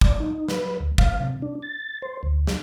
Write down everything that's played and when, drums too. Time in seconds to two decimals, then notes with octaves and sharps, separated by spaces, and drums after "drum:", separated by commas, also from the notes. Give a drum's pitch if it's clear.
0.01 D5, drum: kick
0.20 D#4
0.48 B4, drum: snare
0.80 D2
0.98 F5, drum: kick
1.20 C3
1.42 D4
1.62 A6
2.02 C5
2.23 D2
2.47 drum: snare